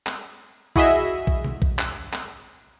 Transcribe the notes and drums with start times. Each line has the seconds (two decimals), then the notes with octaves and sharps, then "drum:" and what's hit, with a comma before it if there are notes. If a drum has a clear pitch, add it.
0.07 drum: clap
0.76 E4 F#4 G#4 D#5 E5, drum: kick A#1
1.27 drum: kick A#1
1.45 drum: tom C3
1.62 drum: kick A#1
1.79 drum: clap
2.13 drum: clap